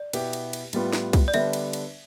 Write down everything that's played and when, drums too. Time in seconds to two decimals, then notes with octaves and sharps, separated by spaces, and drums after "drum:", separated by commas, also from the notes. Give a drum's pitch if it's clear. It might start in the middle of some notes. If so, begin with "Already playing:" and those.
Already playing: D5
0.13 B2 B3 E4 G4, drum: cymbal
0.33 drum: cymbal
0.53 drum: cymbal
0.73 A2 G3 B3 F4, drum: cymbal
0.93 drum: snare
1.13 drum: kick C2, cymbal
1.28 D5
1.34 D3 G3 B3 D4 E5, drum: cymbal
1.53 drum: cymbal
1.73 drum: cymbal